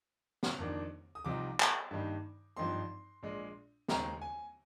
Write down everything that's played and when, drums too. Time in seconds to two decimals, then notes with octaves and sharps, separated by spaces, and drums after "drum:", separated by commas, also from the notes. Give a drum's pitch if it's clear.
0.43 drum: snare
0.59 F2 D#3 A#3 D4
1.15 D#6
1.25 C2 C3 F3 C4 D#4 D6
1.60 drum: clap
1.91 G2 D#3 G3 A#3 D#4
2.57 G#1 G2 F3 C4 D#4 C6
3.23 A#1 A#2 G#3
3.88 D#2 D#3 G#3 C4 D#4 A#5, drum: snare
4.21 G#5